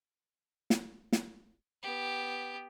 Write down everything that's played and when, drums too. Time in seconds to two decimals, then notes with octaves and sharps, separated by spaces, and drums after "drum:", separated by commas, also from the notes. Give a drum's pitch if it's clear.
0.70 drum: snare
1.12 drum: snare
1.83 B3 G4